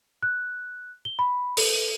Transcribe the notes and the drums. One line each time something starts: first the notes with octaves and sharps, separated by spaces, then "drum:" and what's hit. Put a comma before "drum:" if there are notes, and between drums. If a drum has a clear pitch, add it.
F#6
G7
B5
A4, drum: open hi-hat